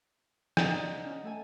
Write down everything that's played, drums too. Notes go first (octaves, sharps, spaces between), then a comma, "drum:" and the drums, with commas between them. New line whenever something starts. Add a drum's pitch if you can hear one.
F3 D5 D#5 F#5 A#5, drum: rim click
C#4
A3 A4 G#5